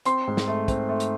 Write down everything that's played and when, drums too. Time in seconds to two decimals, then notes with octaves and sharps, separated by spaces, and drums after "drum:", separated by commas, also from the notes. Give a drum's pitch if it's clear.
0.05 C4 C6, drum: hi-hat
0.27 G#2
0.37 drum: snare
0.48 A3
0.68 C4, drum: kick, hi-hat
0.89 A3
1.00 drum: hi-hat